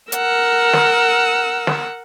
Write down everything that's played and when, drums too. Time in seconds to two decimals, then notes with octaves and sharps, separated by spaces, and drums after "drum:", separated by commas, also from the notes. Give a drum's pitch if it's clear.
0.12 A#4 F#5 E6, drum: hi-hat
0.73 drum: snare
1.67 drum: snare